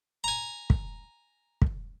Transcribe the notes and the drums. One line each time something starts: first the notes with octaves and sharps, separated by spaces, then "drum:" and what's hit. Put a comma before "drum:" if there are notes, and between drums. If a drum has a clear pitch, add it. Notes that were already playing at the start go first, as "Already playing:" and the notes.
G#5 A#5
drum: kick
drum: kick